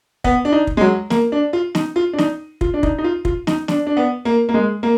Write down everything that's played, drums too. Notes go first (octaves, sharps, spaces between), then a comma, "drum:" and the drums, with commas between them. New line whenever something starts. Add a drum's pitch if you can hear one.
B3, drum: kick
D4
D#4
drum: kick
G#3
F#3
A#3, drum: snare
D4
F4
D#4, drum: snare
F4
D4
D#4, drum: snare
F4, drum: kick
D4
D#4, drum: kick
D#4
F4
F4, drum: kick
D#4, drum: snare
D4, drum: snare
D4
B3
A#3
A#3
G#3
A#3